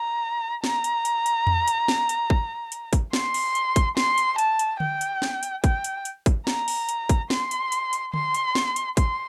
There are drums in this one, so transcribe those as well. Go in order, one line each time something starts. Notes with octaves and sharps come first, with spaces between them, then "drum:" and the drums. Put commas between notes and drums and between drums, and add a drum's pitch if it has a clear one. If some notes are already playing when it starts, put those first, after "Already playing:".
Already playing: A#5
A#5, drum: snare
drum: hi-hat
drum: hi-hat
drum: hi-hat
drum: tom E2
drum: hi-hat
drum: snare
drum: hi-hat
drum: kick
drum: hi-hat
drum: kick, hi-hat
C6, drum: snare
drum: open hi-hat
drum: hi-hat
drum: kick, hi-hat
C6, drum: snare
drum: hi-hat
A5, drum: hi-hat
drum: hi-hat
G5, drum: tom D3
drum: hi-hat
drum: snare
drum: hi-hat
G5, drum: kick, hi-hat
drum: hi-hat
drum: hi-hat
drum: kick, hi-hat
A#5, drum: snare
drum: open hi-hat
drum: hi-hat
drum: kick, hi-hat
C6, drum: snare
drum: hi-hat
drum: hi-hat
drum: hi-hat
C6, drum: tom D3
drum: hi-hat
drum: snare
drum: hi-hat
C6, drum: kick, hi-hat